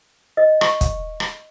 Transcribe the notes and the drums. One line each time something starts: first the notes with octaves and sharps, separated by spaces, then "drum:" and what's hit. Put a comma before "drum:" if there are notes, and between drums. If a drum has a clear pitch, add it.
D#5
C#6, drum: rim click
drum: kick, hi-hat
drum: rim click